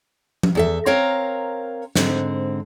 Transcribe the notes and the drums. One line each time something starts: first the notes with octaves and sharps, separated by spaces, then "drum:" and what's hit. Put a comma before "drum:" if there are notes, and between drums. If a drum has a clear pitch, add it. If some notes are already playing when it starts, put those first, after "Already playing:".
drum: tom F3
E2 A4 E5
C4 A#4 C#5 F5 A#5
G#2 D3 C4, drum: snare